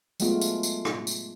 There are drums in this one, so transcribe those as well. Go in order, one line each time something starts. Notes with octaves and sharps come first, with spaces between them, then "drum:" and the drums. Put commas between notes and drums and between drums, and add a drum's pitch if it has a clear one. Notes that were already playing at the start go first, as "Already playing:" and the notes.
F#3 G#3 A3 B3 F4, drum: tambourine
drum: tambourine
drum: tambourine
drum: rim click
drum: tambourine